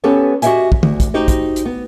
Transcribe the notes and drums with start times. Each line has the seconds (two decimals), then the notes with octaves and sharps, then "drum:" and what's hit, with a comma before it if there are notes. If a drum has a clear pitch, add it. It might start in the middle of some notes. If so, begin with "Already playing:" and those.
0.04 B3 C#4 G4 A4 B4 C#5
0.42 F#4 G4 B4 D#5 E5 G#5, drum: hi-hat
0.72 drum: kick
0.83 D2, drum: tom
1.00 drum: kick, hi-hat
1.14 D#4 F#4 G4 C5 D#5
1.28 drum: kick, hi-hat
1.56 drum: hi-hat
1.65 B3